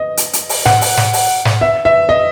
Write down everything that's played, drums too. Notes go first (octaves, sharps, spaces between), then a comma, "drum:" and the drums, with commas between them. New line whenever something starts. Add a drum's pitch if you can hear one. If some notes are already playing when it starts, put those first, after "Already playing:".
Already playing: D#5
drum: hi-hat
drum: hi-hat
drum: open hi-hat
F#5, drum: snare
drum: open hi-hat
drum: snare
drum: open hi-hat
drum: snare
E5
E5
D#5